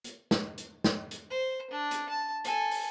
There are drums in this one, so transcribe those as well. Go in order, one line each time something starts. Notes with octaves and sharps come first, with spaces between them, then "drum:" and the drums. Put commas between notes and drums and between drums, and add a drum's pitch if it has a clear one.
drum: hi-hat
drum: snare
drum: hi-hat
drum: snare
drum: hi-hat
C5
D4
drum: hi-hat
A5
A4 G#5, drum: hi-hat
drum: open hi-hat